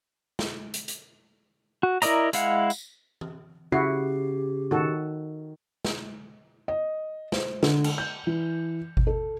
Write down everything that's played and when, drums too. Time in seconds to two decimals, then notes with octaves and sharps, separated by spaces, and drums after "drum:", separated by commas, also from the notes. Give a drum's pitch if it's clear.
0.39 drum: snare
0.74 drum: hi-hat
0.88 drum: hi-hat
1.83 F#4
2.02 E4 A#4 D5 D#5 A#5, drum: hi-hat
2.33 G#3 E4 F5 F#5, drum: hi-hat
2.70 drum: tambourine
3.21 drum: tom E3
3.72 C#3 E4 F#4 G4 C7
4.71 D#3 F#4 A4
5.85 drum: snare
6.68 D#5
7.32 C5, drum: snare
7.63 D3, drum: snare
7.84 drum: cymbal
7.98 G6
8.27 E3
8.97 drum: kick G#1
9.07 A4